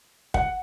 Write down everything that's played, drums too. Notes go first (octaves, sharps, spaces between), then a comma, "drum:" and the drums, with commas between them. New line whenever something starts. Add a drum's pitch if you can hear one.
F#5, drum: kick